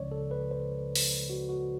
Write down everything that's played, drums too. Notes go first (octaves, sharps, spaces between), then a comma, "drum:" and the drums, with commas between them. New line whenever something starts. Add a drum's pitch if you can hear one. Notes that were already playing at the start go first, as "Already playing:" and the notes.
Already playing: C#2 C#3 F3 G#3 C#4 C#5 D5
A4
B4
C5
drum: open hi-hat
F#4
F#4